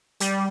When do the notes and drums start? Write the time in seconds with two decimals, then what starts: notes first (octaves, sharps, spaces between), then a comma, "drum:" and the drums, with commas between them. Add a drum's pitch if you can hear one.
0.20 G3, drum: hi-hat